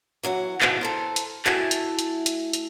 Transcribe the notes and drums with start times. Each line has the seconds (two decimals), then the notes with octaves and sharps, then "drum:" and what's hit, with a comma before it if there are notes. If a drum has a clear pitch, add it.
0.23 E3 F#3 D5 F#5
0.61 G#2 B2 D3 E3 F3, drum: clap
0.81 A4 A#4 C5
1.16 drum: hi-hat
1.46 A3 E4 F#4 G#5 A5, drum: clap
1.71 drum: hi-hat
1.99 drum: hi-hat
2.26 drum: hi-hat
2.53 drum: hi-hat